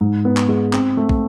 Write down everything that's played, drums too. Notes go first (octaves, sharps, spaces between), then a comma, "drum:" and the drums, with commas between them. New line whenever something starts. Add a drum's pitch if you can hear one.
G#2
B3
drum: clap
G#3
C4, drum: clap
A3
drum: kick